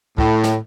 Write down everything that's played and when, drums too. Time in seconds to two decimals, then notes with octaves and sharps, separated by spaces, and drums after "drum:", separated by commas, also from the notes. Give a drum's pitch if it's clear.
0.18 A2, drum: kick
0.44 drum: snare